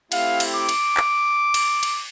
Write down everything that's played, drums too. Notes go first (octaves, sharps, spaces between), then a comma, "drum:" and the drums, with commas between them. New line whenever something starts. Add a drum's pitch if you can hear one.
A3 C4 E4 G4 F5, drum: cymbal
drum: cymbal
D6
drum: cymbal
drum: clap
drum: cymbal
drum: cymbal